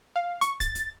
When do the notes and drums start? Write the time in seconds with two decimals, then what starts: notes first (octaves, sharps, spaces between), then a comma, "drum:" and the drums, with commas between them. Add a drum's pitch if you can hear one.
0.16 F5
0.41 C#6, drum: hi-hat
0.60 A6, drum: kick, hi-hat
0.75 drum: hi-hat